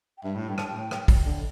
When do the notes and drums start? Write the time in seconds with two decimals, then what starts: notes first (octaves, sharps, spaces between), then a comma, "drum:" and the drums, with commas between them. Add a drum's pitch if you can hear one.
0.18 G5
0.23 G2 E5
0.36 A2
0.48 G2 G5
0.58 A5, drum: rim click
0.68 G5
0.75 A2
0.91 drum: rim click
1.08 drum: kick, open hi-hat
1.25 D3